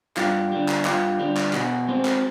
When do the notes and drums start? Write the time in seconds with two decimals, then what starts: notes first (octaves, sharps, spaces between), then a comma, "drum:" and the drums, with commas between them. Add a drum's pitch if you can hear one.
0.17 G2 F4 G4, drum: clap
0.52 D3 G3
0.68 drum: clap
0.85 G2 F4 G4, drum: clap
1.19 D3 G3
1.37 drum: clap
1.53 B2 F#4 G#4, drum: clap
1.88 G#3 C4
2.05 drum: clap